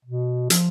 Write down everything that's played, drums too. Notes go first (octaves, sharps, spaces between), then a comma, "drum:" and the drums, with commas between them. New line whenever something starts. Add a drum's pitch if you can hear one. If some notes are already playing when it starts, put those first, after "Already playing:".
B2
F3, drum: hi-hat